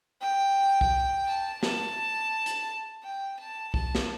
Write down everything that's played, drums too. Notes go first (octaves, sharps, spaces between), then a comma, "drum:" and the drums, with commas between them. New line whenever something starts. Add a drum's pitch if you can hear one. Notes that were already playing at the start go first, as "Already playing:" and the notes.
G5
drum: kick
A5
A5, drum: snare
drum: hi-hat
G5
A5
A5, drum: kick
drum: snare